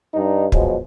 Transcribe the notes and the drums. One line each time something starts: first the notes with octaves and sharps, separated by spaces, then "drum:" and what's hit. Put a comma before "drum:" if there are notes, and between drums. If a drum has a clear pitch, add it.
G2 D#4
B2 F3 F#3 G#3, drum: kick